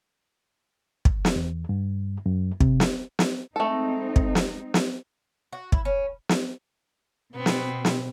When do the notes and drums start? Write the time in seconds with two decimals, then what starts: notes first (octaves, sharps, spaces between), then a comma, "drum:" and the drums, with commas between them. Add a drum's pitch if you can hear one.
1.05 drum: kick
1.25 drum: snare
1.36 E2
1.69 G2
2.26 F#2
2.61 C3, drum: kick
2.80 drum: snare
3.19 drum: snare
3.56 G#3 A3 C4 D#4 A4
4.16 drum: kick
4.35 drum: snare
4.74 drum: snare
5.53 F#4
5.72 E4, drum: kick
5.85 C#4
6.29 drum: snare
7.35 B2 B3 C4
7.46 drum: snare
7.85 drum: snare